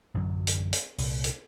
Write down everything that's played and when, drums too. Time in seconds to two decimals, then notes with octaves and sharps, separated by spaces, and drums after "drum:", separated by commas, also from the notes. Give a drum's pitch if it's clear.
0.14 A1 F#2 D3 F#3
0.47 drum: hi-hat
0.73 drum: hi-hat
0.98 C2 A#2, drum: open hi-hat
1.24 drum: hi-hat